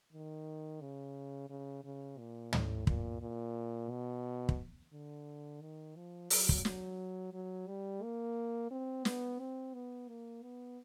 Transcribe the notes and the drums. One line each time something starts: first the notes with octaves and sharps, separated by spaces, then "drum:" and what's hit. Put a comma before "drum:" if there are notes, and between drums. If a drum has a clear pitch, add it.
D#3
C#3
C#3
C#3
A#2
A2, drum: tom
A#2, drum: kick
A#2
B2
drum: kick
D3
D#3
F3
F#3, drum: open hi-hat
drum: kick
F#3, drum: snare
F#3
G3
A#3
C4
B3, drum: snare
C4
B3
A#3
B3